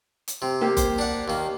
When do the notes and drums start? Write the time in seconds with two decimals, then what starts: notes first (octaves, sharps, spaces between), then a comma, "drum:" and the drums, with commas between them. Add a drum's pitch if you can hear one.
0.28 drum: hi-hat
0.42 C3
0.61 A#3 G4
0.77 C5, drum: kick F#1, hi-hat
0.99 D4 F#5
1.28 D#2 A#3